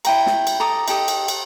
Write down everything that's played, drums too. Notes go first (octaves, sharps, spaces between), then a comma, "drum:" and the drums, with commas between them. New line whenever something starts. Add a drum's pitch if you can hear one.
E4 G5 A#5, drum: cymbal
drum: snare
drum: cymbal
A4 A#5 D6 D#6
D#4 G4 A4 D#6, drum: cymbal
drum: cymbal
drum: cymbal